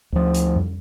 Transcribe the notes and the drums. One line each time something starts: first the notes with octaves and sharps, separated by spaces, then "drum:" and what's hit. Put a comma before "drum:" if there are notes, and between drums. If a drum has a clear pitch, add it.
D2 F3
drum: hi-hat
drum: tom F2